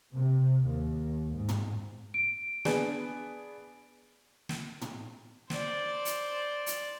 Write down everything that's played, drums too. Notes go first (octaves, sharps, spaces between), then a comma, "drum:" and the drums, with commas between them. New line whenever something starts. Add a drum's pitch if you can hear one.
C3
D#2
G#2
drum: tom
D7
B3 D4 G#4, drum: snare
drum: snare
drum: tom
C5 D5, drum: snare
drum: hi-hat
drum: hi-hat